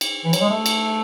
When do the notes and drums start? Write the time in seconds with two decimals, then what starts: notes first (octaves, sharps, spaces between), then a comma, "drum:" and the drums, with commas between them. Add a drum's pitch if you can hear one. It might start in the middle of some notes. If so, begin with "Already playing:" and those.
0.01 drum: cymbal
0.25 E3
0.33 F#3, drum: cymbal
0.41 G#3
0.49 A3
0.66 drum: cymbal